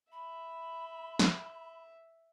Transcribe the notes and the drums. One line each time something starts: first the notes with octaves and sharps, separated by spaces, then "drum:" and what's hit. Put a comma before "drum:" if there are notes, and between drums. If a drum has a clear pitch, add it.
E5 B5
drum: snare